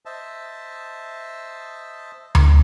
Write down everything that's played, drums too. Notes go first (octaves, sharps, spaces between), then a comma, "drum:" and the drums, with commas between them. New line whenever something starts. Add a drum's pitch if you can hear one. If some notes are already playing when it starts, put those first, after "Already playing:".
C5 D#5 E5 A5
drum: tom D2